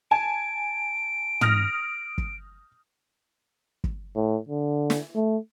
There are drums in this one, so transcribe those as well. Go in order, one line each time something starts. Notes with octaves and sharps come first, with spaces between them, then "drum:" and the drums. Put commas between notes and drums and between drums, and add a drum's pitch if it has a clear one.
G#5 A5 D7
D#6 F6 A#6, drum: tom
drum: kick
drum: kick
A2
D3
drum: snare
A3